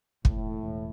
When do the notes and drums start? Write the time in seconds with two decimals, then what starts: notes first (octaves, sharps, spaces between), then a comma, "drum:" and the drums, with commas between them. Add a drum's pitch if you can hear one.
0.25 E1 A2, drum: kick
0.44 E1
0.63 E1